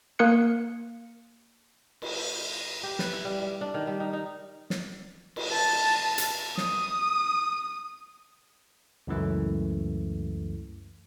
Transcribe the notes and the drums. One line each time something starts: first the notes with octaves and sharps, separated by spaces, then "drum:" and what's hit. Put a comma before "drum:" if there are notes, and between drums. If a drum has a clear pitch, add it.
A#3 A#4 F5 F#6 C#7
drum: cymbal
G4
B4, drum: snare
E4
G3
G3
D4
D#3
G3
D#4
D#4
drum: snare
drum: cymbal
A5
drum: hi-hat
D#6, drum: snare
C#2 F#2 E3 A3